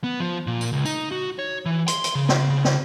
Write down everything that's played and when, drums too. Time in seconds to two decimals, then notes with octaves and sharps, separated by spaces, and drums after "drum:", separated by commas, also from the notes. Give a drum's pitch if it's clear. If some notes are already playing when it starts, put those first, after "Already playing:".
0.04 B3
0.20 F3
0.47 A#2
0.61 drum: tambourine
0.73 C#2
0.86 D#4, drum: tambourine
1.12 F#4
1.39 C#5
1.66 E3
1.88 C6, drum: hi-hat
2.04 drum: hi-hat
2.15 C#3
2.29 drum: snare
2.50 C#3
2.65 drum: snare